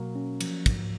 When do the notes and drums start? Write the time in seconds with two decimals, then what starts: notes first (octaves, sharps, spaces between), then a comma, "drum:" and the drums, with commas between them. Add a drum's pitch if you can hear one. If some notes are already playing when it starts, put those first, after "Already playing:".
Already playing: B2 F#3 A#3
0.15 C#4
0.41 F3, drum: cymbal
0.66 G#2, drum: kick, cymbal